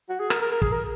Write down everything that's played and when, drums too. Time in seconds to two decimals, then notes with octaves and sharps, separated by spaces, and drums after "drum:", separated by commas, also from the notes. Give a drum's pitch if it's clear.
0.09 F#4
0.20 G#4
0.30 A#4, drum: rim click
0.41 A#4
0.52 A#4
0.62 G#4, drum: kick
0.72 A#4